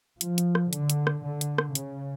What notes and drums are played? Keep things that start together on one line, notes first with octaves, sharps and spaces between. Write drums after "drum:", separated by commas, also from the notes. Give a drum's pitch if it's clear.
F3, drum: hi-hat
drum: hi-hat
drum: rim click
D3, drum: hi-hat
drum: hi-hat
drum: rim click
D3
drum: hi-hat
drum: rim click
C#3, drum: hi-hat